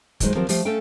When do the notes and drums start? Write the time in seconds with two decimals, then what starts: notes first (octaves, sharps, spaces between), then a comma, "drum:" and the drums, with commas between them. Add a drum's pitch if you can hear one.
0.20 D2 D#3 F#3 G#3 C5, drum: kick, hi-hat
0.35 D#3 F3 F#3 C4 G4 A#4
0.49 F3 A3 G4 F5, drum: open hi-hat
0.65 A3 C#4 A4 F5 G5